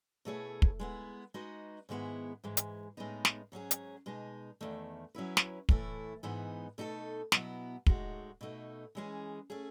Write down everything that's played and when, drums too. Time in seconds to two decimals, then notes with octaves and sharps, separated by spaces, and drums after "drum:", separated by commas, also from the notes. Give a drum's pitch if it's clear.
0.25 B2 A3 E4 G#4 C#5
0.62 drum: kick
0.79 G#3 B3 E4
1.34 G#3 D#4 F#4 B4 D#5
1.89 G#2 D#3 G#3 B3 E4
2.44 G#2 E3 G#3
2.57 drum: hi-hat
2.97 A2 G#3 B3 D#4
3.25 drum: snare
3.52 G#2 F#3 C#4 G#4
3.71 drum: hi-hat
4.06 B2 G#3 D#4
4.61 E2 D#3 A3
5.15 F#3 C#4 E4 B4
5.37 drum: snare
5.69 A2 E3 A3 E4, drum: kick
6.23 G#2 E3 B3 D#4
6.78 B2 A3 D#4 F#4 A4
7.32 B2 F#3 B3 E4, drum: snare
7.86 A2 G#3 D#4 F#4, drum: kick
8.41 B2 A3 D#4
8.95 E3 G#3 C#4 G#4
9.50 A3 C#4 G#4